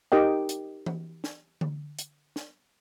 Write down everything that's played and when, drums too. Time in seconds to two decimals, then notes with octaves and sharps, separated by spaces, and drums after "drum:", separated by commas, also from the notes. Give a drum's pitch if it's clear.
0.12 D#4 G4 A#4 D#5 G5
0.49 drum: hi-hat
0.86 drum: tom E3
1.24 drum: snare
1.61 drum: tom D3
1.99 drum: hi-hat
2.36 drum: snare